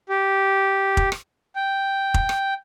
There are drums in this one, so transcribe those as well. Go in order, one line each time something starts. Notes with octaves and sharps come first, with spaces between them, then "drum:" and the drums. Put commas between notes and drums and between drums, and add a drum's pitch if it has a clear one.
G4
drum: kick F1
drum: rim click
G5
drum: kick F1
drum: rim click